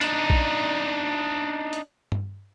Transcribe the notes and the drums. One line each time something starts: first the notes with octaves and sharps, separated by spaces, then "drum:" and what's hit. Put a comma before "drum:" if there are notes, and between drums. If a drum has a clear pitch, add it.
D4 D#4, drum: hi-hat
drum: kick A#1
drum: hi-hat
drum: tom G2